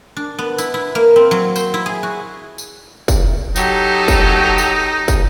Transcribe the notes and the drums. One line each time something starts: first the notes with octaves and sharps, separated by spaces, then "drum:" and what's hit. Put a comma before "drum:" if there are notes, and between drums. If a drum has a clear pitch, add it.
D4
B3
E4, drum: tambourine
E4
A#3
C4
F#3
C5, drum: tambourine
E4
G#4
F#4
drum: tambourine
drum: kick, tambourine
F#3 D#4 G4 A4, drum: tambourine
drum: kick, tambourine
drum: tambourine
drum: kick, tambourine